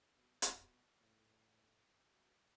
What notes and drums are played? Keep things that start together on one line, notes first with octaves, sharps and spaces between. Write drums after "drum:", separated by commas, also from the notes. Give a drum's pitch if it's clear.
B2
B2, drum: hi-hat
A2
B2